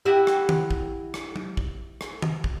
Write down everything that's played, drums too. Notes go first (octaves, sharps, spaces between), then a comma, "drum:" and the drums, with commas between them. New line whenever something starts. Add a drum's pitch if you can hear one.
E4 F#4 G4
drum: rim click
drum: tom
drum: kick
drum: rim click
drum: tom
drum: kick
drum: rim click
drum: tom
drum: kick